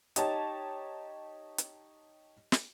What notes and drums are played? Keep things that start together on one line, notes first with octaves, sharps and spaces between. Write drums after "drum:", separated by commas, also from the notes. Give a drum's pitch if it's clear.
D#4 G4 C#5 A5, drum: hi-hat
drum: hi-hat
drum: snare